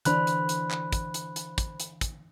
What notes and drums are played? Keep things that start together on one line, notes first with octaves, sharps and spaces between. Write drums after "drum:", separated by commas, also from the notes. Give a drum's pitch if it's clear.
D3 E3 D4 C5 B5 F#6, drum: hi-hat
drum: hi-hat
drum: hi-hat
drum: clap
drum: kick, hi-hat
drum: hi-hat
drum: hi-hat
drum: kick, hi-hat
drum: hi-hat
drum: kick, hi-hat